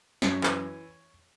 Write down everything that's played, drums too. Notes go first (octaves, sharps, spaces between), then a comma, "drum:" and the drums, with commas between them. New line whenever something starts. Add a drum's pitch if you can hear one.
F#2 C#5, drum: snare
E3, drum: clap